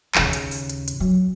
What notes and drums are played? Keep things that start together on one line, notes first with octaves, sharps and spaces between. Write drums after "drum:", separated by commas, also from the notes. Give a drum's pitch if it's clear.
D#2 C#3, drum: clap
drum: hi-hat
drum: open hi-hat
drum: hi-hat
drum: hi-hat
F#3